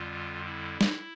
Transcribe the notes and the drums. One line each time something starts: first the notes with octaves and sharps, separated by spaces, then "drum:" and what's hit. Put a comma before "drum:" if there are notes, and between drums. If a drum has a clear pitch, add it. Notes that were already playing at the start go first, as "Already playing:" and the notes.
Already playing: F2 D3 G3 F4
E4
drum: snare